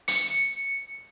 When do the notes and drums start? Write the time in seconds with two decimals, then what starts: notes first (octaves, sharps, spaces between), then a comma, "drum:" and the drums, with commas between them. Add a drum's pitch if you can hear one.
0.08 C#7, drum: hi-hat